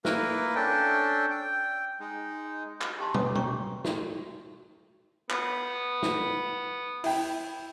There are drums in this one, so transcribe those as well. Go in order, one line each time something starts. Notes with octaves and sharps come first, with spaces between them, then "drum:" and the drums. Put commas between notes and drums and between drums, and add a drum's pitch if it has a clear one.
A#3 E4 A#4 B4, drum: snare
C#4 D4 A4 G5
G5
G#3 D#4
drum: clap
G4 G#5 A5 C6
C#4 A4 B4 G#5 D6 D#6, drum: tom
C#5 G5 A#5 C#6 D6, drum: tom
F#4, drum: snare
B3, drum: clap
drum: snare
E4 G5, drum: open hi-hat